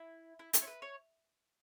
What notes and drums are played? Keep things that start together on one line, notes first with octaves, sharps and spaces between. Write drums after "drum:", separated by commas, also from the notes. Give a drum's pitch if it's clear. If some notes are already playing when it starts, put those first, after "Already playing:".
Already playing: E4
E4
E4, drum: hi-hat
C#5
B4
C#5